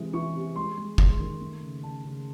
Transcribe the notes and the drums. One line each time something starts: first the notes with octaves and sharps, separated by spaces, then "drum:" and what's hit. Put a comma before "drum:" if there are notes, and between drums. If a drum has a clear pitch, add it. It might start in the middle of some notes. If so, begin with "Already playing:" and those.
Already playing: C3 E3 G#3
E3 C#6
C3
G#3 C6
G#3
G#3, drum: kick
D#3
A3
C#3
C#3 A5
C#3